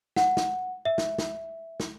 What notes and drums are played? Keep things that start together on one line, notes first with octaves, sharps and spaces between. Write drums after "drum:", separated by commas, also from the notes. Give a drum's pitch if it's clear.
F#5, drum: snare
drum: snare
E5
drum: snare
drum: snare
drum: snare